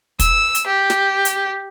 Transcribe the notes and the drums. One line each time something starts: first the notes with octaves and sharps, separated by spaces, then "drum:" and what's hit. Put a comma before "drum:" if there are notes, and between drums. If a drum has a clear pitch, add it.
E6, drum: kick, hi-hat
drum: hi-hat
G4
drum: snare
drum: hi-hat